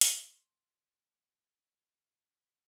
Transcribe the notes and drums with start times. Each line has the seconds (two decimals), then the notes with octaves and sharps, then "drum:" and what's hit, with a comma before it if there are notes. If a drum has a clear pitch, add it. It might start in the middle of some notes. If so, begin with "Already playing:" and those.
0.01 C6 C#6, drum: hi-hat